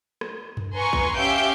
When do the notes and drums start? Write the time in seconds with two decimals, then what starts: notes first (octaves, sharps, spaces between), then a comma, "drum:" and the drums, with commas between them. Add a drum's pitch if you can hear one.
0.21 drum: rim click
0.57 drum: tom G2
0.75 B4 G#5 A#5 C6 C#6
0.93 drum: kick
1.16 C#4 G4 E5 F5 G6 D7